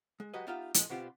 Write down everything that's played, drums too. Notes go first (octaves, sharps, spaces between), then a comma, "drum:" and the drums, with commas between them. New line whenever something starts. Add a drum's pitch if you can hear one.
G#3
F#3 G#3 F#4 G4 B4 D#5
B3 D#4 F4 G4 E5 F5
A2 F3 F#3 G#3, drum: hi-hat
B2 B3 C4 F4 G4